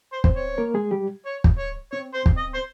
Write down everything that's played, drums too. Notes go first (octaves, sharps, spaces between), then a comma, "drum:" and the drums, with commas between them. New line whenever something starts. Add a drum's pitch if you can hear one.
C5
C4 C5, drum: kick
C#5
A#3 A#4
G#3 G#4
G3 G4
C#5
drum: kick
C#5
C4 C#5
C5
C4, drum: kick
D#5
C5